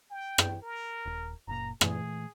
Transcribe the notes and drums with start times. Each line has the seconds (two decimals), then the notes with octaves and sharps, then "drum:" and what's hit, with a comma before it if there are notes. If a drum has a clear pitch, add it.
0.10 G5
0.38 drum: rim click
0.62 A#4
1.06 D#1
1.48 F#1 A#2 A#5
1.81 A#2 E3 A3 G#4, drum: rim click